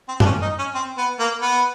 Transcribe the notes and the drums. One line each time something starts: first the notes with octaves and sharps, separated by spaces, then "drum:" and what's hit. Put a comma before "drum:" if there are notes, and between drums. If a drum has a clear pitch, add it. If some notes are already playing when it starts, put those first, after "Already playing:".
C4
D4, drum: tom F#2
C#4
D#4
C#4
C4
B3
A#3
B3